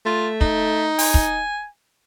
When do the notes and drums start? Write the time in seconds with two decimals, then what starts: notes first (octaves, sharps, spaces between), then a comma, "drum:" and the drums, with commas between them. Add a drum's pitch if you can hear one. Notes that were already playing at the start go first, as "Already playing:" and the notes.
0.06 A3 F4
0.41 D#4, drum: kick
0.99 G#5, drum: open hi-hat
1.14 drum: kick